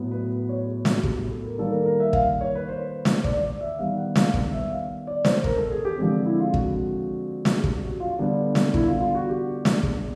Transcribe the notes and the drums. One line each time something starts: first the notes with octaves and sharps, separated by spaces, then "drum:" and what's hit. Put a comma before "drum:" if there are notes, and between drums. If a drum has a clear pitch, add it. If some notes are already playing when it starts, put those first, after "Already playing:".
Already playing: A2 F#3 B3
B4
C#5
G#4
F#4, drum: snare
G4, drum: kick
A4
A#4
D#3 G3 A#3 A4
A#4
A#4
E5
F5, drum: kick
C#5
B4
C5
drum: snare
D5, drum: kick
D5
E5
D#3 G3 B3 F5
F#5
F5, drum: snare
B4, drum: kick
E5
F5
D5
C5, drum: snare
A#4, drum: kick
A4
G#4
G4
D3 F3 G#3 C4
E4
F4
F#4, drum: kick
drum: snare
G#4
G4, drum: kick
F#4
F4
D3 G3 B3
drum: snare
E4, drum: kick
F4
F4
F#4
G4
drum: snare
G#4, drum: kick